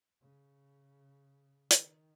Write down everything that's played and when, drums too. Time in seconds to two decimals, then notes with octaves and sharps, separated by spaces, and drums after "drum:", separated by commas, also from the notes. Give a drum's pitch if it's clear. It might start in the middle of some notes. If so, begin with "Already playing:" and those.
0.21 C#3
1.70 D#3, drum: hi-hat